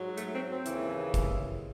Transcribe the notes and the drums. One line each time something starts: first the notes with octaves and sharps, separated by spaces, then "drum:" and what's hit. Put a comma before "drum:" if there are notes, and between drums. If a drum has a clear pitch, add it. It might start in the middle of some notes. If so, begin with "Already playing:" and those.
Already playing: G#2 F#3
A3, drum: hi-hat
C4
C4
D#2 C#3 E3, drum: hi-hat
drum: kick, hi-hat